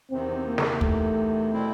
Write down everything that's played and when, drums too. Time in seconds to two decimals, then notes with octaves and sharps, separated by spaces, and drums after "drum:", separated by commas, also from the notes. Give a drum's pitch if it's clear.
0.10 E2 C3 D#3 C4
0.46 A#3
0.58 drum: snare
0.81 A3, drum: kick
1.52 B2 G3 C4 E4